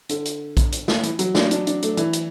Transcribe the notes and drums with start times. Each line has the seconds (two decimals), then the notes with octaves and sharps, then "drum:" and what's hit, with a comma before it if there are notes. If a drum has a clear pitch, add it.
0.09 D3, drum: hi-hat
0.25 drum: hi-hat
0.57 drum: kick A#1, hi-hat
0.72 drum: hi-hat
0.88 drum: snare
1.03 E3, drum: hi-hat
1.19 F#3, drum: hi-hat
1.35 D4, drum: snare
1.51 D4, drum: hi-hat
1.67 D4, drum: hi-hat
1.82 A3, drum: hi-hat
1.97 E3, drum: hi-hat
2.13 drum: hi-hat